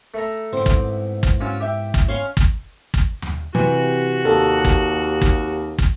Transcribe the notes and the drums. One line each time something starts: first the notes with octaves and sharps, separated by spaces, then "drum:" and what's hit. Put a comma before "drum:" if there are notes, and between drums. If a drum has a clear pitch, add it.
A3 A4 A#5
G#2 B3 C4 E4 D6
drum: kick
drum: kick
F#3 C#4 F4
G4 E5 G5
drum: kick
C#4 F5 C6
drum: kick
drum: kick
drum: tom D#2
C3 E3 F#4
D#2 A4
drum: kick
drum: kick
drum: kick